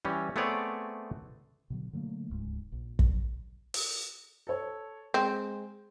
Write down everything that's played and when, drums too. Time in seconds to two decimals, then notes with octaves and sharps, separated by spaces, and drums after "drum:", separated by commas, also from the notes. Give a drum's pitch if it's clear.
0.05 E3 G3 C#4
0.36 A3 B3 C4 G#4 C#5 D5
1.70 B2 D3 F#3
1.93 D3 F#3 A3 A#3
2.29 D1 C#2 G#2 G#3
2.72 A#1
2.99 F1 F#2 A#2 F#3, drum: kick
3.74 drum: open hi-hat
4.47 A4 C#5
5.14 G#3 C4